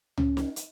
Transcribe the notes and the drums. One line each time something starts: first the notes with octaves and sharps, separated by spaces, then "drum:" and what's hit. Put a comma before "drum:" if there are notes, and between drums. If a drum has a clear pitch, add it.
C#4, drum: tom C#2
drum: snare
drum: hi-hat